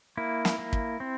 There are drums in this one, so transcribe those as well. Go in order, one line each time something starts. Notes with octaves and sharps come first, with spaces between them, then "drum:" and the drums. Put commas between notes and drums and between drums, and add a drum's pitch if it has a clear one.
A#3 E4
drum: snare
A#3
drum: kick
C4